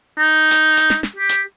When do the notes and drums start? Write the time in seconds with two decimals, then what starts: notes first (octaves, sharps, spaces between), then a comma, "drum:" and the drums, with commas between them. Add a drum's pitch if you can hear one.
0.19 D#4
0.51 drum: hi-hat
0.77 drum: hi-hat
0.90 drum: snare
1.03 drum: snare
1.16 G4
1.29 drum: hi-hat